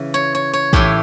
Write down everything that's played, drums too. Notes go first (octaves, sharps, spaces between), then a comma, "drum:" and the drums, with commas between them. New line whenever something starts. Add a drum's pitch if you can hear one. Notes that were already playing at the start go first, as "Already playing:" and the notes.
Already playing: C#3 E3
C#5
C#5
C#5
A2 E3 G4, drum: kick